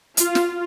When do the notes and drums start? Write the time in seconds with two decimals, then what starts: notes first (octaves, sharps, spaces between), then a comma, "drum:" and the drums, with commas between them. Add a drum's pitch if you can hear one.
0.17 F4, drum: hi-hat
0.35 drum: snare